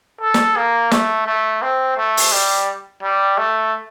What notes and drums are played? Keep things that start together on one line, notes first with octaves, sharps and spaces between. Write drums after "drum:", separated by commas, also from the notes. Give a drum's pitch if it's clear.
A4
drum: snare
A#3
A3, drum: snare
A3
C4
A3
drum: open hi-hat
G3
G3
A3